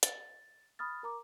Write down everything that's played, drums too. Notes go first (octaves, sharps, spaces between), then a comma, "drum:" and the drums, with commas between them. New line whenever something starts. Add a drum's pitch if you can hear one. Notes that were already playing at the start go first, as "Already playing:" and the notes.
A6, drum: hi-hat
B5 D#6 F6 A6
A#4 A#5 D6